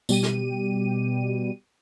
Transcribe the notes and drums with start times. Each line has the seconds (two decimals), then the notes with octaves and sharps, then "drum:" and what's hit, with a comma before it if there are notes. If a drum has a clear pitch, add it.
0.09 B2 G3 G4 D#7, drum: tambourine
0.23 drum: snare